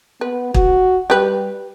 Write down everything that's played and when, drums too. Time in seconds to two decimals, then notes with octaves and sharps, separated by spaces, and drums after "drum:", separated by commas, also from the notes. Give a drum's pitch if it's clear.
0.21 B3 B4
0.54 F#4, drum: kick
1.10 G3 G4 B4